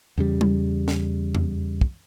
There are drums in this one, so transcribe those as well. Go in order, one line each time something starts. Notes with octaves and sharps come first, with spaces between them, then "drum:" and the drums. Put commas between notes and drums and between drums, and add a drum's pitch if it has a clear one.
E2 C#3 G3
drum: tom G3
drum: snare
drum: tom F2
drum: kick